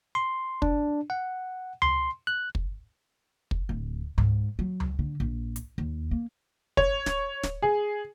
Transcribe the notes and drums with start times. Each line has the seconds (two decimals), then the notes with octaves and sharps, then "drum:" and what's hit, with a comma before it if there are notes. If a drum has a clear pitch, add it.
0.15 C6
0.62 D4, drum: kick
1.10 F#5
1.82 C6, drum: tom C#2
2.27 F#6
2.55 drum: kick
3.51 drum: kick
3.69 D1
4.18 G#2, drum: tom C#2
4.59 F#3
4.80 drum: tom C#2
4.99 D3
5.20 A#1
5.56 drum: hi-hat
5.78 D#2
6.11 A#3
6.77 C#5, drum: kick
7.06 drum: snare
7.43 drum: snare
7.62 G#4